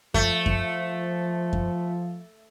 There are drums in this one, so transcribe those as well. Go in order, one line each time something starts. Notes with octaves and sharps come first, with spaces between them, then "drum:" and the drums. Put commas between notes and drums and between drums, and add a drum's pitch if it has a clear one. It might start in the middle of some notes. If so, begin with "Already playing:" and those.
F3 A3, drum: kick F#2
drum: kick F#2
drum: kick F#2